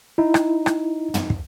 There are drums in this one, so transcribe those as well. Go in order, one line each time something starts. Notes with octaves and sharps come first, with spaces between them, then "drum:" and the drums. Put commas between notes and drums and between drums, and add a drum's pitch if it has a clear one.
D#4 E4
drum: rim click
drum: rim click
drum: tom
drum: kick